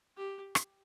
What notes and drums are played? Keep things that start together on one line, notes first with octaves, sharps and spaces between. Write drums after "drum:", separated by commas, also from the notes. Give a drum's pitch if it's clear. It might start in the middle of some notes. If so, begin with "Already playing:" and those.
G4
drum: rim click